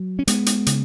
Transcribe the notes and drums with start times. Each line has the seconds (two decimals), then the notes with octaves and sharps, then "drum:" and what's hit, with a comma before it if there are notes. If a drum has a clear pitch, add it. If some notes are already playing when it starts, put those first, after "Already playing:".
Already playing: F#3
0.19 C#4
0.27 G#3 B3, drum: hi-hat
0.46 drum: hi-hat
0.66 C#3, drum: hi-hat